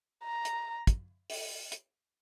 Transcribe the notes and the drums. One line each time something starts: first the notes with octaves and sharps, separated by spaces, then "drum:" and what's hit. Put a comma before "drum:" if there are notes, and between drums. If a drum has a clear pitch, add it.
A#5
drum: hi-hat
drum: kick, hi-hat
drum: open hi-hat
drum: hi-hat